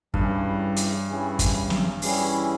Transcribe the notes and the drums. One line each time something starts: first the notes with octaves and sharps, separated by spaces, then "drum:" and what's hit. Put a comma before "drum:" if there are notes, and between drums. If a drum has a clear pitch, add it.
G2 E3 G3 C#4 E4 G#4, drum: kick
drum: hi-hat
E3 G3 C#4 E4 G#4
drum: kick, hi-hat
drum: snare
E3 G3 C#4 E4 G#4, drum: open hi-hat